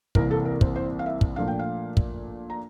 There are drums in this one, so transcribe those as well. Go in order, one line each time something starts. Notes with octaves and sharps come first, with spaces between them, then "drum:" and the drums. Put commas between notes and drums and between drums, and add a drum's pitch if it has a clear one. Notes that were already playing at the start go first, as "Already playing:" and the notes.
C2 C3 E3 A#3 A#4, drum: kick
A4
A#4
C5, drum: kick
C5
F5
E5
drum: kick
A#2 F3 A3 D4 F5
G5
F5
drum: kick
A#5